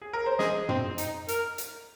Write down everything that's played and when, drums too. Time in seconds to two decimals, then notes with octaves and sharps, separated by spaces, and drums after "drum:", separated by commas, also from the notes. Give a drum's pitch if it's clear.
0.02 G#4
0.13 A#4
0.26 C5
0.39 G#4 D#5, drum: snare
0.69 C4, drum: tom
0.98 D#4, drum: hi-hat
1.28 A#4, drum: hi-hat
1.58 drum: hi-hat